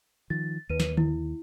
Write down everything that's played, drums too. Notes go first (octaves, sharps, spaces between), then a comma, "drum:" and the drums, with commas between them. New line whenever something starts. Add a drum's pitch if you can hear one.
D#3 F3 A6
D#2 B4 D#7
drum: snare
E4, drum: tom D3